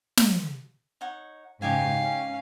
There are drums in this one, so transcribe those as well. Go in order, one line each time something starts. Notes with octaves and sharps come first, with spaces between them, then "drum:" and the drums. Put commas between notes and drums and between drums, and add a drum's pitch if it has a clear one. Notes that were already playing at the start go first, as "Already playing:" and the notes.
drum: snare
D#4 C#5 F#5
G#2 C#3 D#4 G4 F5 G#5
C#4